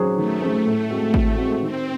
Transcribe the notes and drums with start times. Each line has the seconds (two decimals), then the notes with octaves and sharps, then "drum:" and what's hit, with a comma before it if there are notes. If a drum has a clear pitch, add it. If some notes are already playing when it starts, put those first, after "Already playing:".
Already playing: D#3 F#3 C#4 G#4 C5
0.17 D#3 A3
0.41 F#3 C#4 G#4 C5
0.66 A2
0.89 G#3 C4 F#4
1.14 A2, drum: kick G#1
1.38 G#3 C4 F#4
1.62 D#3 C4